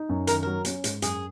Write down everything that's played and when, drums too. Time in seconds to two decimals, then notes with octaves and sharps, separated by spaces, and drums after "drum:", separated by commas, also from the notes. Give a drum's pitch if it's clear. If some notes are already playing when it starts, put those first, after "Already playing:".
Already playing: D#4
0.09 F#2
0.27 D#3 A#4, drum: hi-hat
0.43 F#3 A#4
0.65 C#4, drum: hi-hat
0.84 G#2, drum: hi-hat
1.02 F#2 G#4, drum: hi-hat